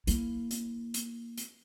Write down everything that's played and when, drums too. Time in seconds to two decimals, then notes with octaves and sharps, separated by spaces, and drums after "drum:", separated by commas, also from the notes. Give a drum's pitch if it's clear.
0.07 A#3 E4, drum: hi-hat
0.51 drum: hi-hat
0.94 drum: hi-hat
1.38 drum: hi-hat